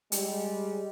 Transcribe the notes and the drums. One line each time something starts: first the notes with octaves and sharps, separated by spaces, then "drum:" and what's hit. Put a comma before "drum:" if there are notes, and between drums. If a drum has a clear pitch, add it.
G3 G#3, drum: hi-hat